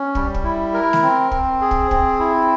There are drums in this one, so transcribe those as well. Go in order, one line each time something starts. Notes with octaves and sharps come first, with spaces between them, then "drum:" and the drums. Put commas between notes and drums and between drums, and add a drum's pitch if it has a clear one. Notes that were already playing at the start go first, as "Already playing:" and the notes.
Already playing: C#4
G3, drum: kick
drum: kick
E4
A#4
drum: snare A3
C4
C4, drum: kick
G#4
drum: kick
C4, drum: kick
E4